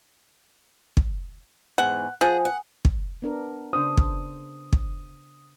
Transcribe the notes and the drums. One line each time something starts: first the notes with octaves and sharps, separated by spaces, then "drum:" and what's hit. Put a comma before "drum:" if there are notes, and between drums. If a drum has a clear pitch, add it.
drum: kick
E2 G#2 F#5
F3 G#4 F#5
F#5
drum: kick
B3 D4 A#4
C#3 D4 C5 D#6
drum: kick
drum: kick